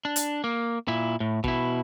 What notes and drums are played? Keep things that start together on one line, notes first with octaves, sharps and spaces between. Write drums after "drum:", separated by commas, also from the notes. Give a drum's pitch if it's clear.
D4
drum: hi-hat
A#3
A#2 E4
A2
B2 E4, drum: kick